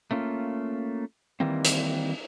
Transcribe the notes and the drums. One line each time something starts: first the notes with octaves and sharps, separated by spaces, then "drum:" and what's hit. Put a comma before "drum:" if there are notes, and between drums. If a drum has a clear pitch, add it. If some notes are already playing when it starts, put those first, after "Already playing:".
A3 A#3 C#4 F4
D#3 E3 G3 A#3 C4
drum: hi-hat